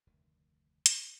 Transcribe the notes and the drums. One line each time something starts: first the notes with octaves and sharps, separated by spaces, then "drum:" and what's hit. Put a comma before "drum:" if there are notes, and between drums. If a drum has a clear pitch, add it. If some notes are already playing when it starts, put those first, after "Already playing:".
F1 D2 G2 D#3
drum: hi-hat